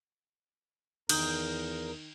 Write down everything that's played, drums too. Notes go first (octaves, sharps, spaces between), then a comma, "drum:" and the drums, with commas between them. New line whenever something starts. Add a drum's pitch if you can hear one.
E2 D#3 A#4 D#6 G6, drum: cymbal